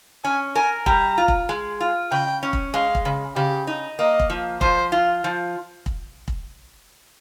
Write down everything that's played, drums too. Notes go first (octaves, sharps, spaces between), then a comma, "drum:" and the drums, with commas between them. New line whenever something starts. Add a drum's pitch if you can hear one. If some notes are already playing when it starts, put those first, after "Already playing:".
C#4 G#5
A#4 G#5
G3 A#5, drum: kick
F4
drum: kick
G#3
F4
C#3 G5
C#4
drum: kick
G#3 F5
drum: kick
C#3
C#3 G4
D#4
A#3 D#5
drum: kick
F3
F3 C5, drum: kick
F4
F3
drum: kick
drum: kick